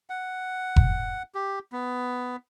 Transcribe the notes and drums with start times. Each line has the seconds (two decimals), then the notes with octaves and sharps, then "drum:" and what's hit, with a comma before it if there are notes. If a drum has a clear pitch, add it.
0.10 F#5
0.76 drum: kick F1
1.35 G4
1.72 B3